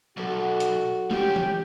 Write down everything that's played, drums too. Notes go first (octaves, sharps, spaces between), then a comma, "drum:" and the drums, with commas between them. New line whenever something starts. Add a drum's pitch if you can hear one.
B1 F#3 F#4 A4 F#5
drum: hi-hat
F3 C#4 G4, drum: tom G#3
drum: tom E3